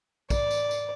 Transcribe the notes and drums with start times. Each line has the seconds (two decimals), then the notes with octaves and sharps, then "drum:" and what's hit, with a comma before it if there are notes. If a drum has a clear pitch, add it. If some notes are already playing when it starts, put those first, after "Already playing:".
0.30 D5, drum: kick, tambourine
0.51 drum: tambourine
0.71 drum: tambourine